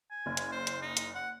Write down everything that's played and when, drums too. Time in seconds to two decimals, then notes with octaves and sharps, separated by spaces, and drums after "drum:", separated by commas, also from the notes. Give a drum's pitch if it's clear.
0.11 G#5
0.26 F#1
0.37 drum: hi-hat
0.52 C5
0.67 drum: hi-hat
0.82 D#4
0.97 drum: hi-hat
1.15 F#5